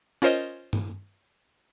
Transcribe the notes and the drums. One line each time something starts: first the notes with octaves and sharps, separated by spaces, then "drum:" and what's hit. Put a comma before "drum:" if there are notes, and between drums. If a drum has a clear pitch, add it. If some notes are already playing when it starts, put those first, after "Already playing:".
C#4 F4 A#4 C5 C#5 D#5
drum: tom G2